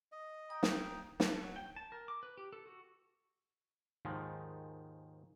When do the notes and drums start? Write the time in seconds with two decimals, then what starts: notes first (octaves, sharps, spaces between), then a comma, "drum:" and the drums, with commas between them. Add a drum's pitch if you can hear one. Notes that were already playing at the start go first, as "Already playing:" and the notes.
0.12 D#5
0.50 G5 A#5 D#6
0.63 drum: snare
1.20 A4, drum: snare
1.43 F#3
1.56 G5
1.76 A5
1.92 A#4
2.08 D6
2.23 B4
2.38 G4
2.53 A4
2.66 F#4
4.05 D#2 G#2 D#3 F3 G#3